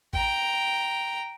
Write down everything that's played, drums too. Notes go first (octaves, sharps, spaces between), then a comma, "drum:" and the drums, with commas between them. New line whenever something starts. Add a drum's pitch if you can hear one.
G5 A#5, drum: kick A1